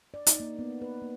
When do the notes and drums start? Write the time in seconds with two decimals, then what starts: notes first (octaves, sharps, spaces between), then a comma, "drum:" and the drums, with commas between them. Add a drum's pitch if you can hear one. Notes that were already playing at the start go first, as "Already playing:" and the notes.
0.14 D5
0.27 D#4, drum: hi-hat
0.40 A#3
0.59 B3
0.82 B4
1.02 A#3